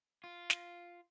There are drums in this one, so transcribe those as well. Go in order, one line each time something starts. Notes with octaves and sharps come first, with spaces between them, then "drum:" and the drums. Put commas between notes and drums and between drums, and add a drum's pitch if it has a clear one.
F4
drum: snare